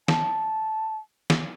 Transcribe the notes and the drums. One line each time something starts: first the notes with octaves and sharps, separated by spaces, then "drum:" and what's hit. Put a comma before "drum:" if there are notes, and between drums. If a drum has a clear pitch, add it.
A5, drum: snare
drum: snare